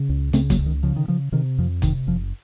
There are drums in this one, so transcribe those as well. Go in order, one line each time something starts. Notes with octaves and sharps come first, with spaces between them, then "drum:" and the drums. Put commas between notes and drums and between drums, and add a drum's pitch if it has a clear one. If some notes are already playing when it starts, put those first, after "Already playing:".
Already playing: C#3
C#2
C#3 A3 C4, drum: hi-hat
F#3 A#3, drum: kick, hi-hat
C#2
D#3
C#3 F3
D#3
C#3 F3
C3 D#3
F2 F3
C3 D#3, drum: kick, hi-hat
F#1 F3